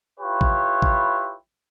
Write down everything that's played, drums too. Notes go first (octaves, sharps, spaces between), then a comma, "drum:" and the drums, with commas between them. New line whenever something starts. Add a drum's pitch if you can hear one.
E4 F4 G4 B4 C#5
drum: kick A1
drum: kick A1